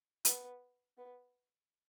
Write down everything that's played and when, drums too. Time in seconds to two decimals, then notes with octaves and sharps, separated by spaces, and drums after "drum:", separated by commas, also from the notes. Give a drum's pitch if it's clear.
0.25 B3, drum: hi-hat
0.97 B3